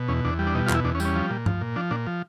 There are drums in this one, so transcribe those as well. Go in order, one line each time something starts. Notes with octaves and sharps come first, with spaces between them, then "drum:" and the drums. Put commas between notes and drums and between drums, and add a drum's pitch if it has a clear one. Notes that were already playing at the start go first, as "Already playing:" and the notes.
Already playing: B2
E2 C#4
E2 D4
G3
D4
B2 D#4
F4
E2, drum: clap
E4
E2 D4
C#4
G3, drum: tambourine
C#4
F3
A#2
F3, drum: tom G2
A#2
F3 D4
A#2 D4
F3